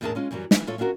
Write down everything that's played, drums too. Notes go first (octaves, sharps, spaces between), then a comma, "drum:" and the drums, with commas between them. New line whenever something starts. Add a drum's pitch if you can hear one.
E2 A2 D4 G#4 A#4 A5
G#3 C#4 F4
F#2 E3 F#3 G3
E3, drum: snare
A2 F4 A4 C#5
C#4 D4 F4 F#4 A#4